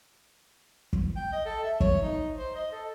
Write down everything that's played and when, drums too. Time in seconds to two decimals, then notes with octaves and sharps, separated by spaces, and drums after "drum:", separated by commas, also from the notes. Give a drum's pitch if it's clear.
0.93 drum: kick
1.16 G5
1.33 D#5
1.46 A4
1.64 E5
1.80 C#5, drum: kick
2.02 D#4
2.38 C5
2.55 D#5
2.72 A4